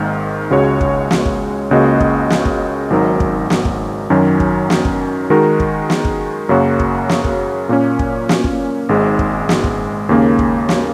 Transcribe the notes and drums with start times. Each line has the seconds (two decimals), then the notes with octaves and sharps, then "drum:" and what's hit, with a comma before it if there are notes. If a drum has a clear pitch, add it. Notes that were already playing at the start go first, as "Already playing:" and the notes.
Already playing: G#1 G#2 D#3 A#3
0.51 C#2 C#3 G#3 F#4 C#5
0.81 drum: kick
1.11 drum: snare
1.26 drum: kick
1.71 C#2 C#3 A#3 F#4 D#5
2.00 drum: kick
2.30 drum: snare
2.45 drum: kick
2.90 G#1 G#2 F#3 D#4 A#4
3.20 drum: kick
3.50 drum: snare
3.65 drum: kick
4.10 F#2 D#3 F#3 C#4
4.40 drum: kick
4.70 drum: snare
4.85 drum: kick
5.30 D#3 G#3 D#4 F#4 A#4
5.60 drum: kick
5.90 drum: snare
6.05 drum: kick
6.49 F#2 C#3 F#3 A#3 F#4
6.80 drum: kick
7.09 drum: snare
7.24 drum: kick
7.69 A#2 A#3 C#4
7.99 drum: kick
8.29 drum: snare
8.44 drum: kick
8.89 G#1 G#2 G#3
9.19 drum: kick
9.49 drum: snare
9.64 drum: kick
10.09 D#2 C#3 A#3 C#4
10.39 drum: kick
10.69 drum: snare